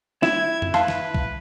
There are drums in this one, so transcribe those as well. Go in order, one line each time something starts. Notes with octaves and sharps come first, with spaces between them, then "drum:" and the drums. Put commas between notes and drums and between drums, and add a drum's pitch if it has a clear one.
E4 G#6, drum: snare
drum: tom F2
B4 F5 A5 C6, drum: snare
drum: snare
drum: kick